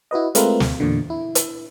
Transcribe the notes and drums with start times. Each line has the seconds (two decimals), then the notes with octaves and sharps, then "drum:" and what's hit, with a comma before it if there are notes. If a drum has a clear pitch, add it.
0.11 E4 F#4 B4 D#5
0.35 G#3 A3 C4 F4 A#4 B4, drum: hi-hat
0.60 D2, drum: snare
0.80 E2 A#2 D3
1.10 E4
1.35 drum: hi-hat